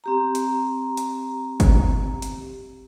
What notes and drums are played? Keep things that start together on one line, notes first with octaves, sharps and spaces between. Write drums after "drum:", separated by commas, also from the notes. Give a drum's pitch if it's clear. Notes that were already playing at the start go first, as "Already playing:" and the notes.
C4 G4 A#5
drum: hi-hat
drum: hi-hat
drum: kick G1, hi-hat
drum: hi-hat